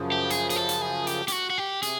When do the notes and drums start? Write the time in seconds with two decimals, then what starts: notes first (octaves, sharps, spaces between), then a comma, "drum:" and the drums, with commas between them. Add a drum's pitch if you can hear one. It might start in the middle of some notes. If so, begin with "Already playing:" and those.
Already playing: F#2 C#3 F3
0.12 G4
0.30 G#4, drum: hi-hat
0.50 G#4, drum: hi-hat
0.56 A4
0.69 drum: hi-hat
0.81 G#4
1.07 G4, drum: hi-hat
1.28 G4, drum: hi-hat
1.32 F#4
1.50 F#4
1.58 G4
1.83 C3 G#4, drum: hi-hat